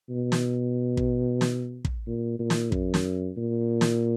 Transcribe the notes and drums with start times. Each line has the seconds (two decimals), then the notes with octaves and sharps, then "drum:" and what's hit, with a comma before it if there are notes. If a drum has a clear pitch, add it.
0.10 B2
0.32 drum: snare
0.97 drum: kick
1.41 drum: snare
1.85 drum: kick
2.07 A#2
2.39 A#2
2.50 drum: snare
2.72 F#2, drum: kick
2.94 drum: snare
3.38 A#2
3.81 drum: snare